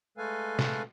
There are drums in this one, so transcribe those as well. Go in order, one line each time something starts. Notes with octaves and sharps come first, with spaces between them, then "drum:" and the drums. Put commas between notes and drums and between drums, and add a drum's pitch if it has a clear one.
G#3 A3 A4 B4 F5 G#5
drum: snare